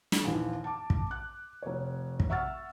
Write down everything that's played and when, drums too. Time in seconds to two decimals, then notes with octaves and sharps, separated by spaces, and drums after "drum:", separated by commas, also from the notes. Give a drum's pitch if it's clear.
0.12 drum: snare
0.24 A#1 D#2 E3
0.64 A5 D6
0.90 drum: kick
1.11 F#6
1.63 F1 C#5
2.20 drum: kick
2.30 E5 F#5 C#6 E6 F6 A6